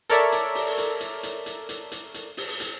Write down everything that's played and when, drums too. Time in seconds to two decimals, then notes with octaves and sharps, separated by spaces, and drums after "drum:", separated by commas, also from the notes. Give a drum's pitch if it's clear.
0.09 A4 A#4 C#5 D5 E5, drum: hi-hat
0.32 drum: hi-hat
0.55 drum: open hi-hat
0.78 drum: hi-hat
1.01 drum: hi-hat
1.23 drum: hi-hat
1.46 drum: hi-hat
1.69 drum: hi-hat
1.92 drum: hi-hat
2.14 drum: hi-hat
2.37 drum: open hi-hat
2.60 drum: hi-hat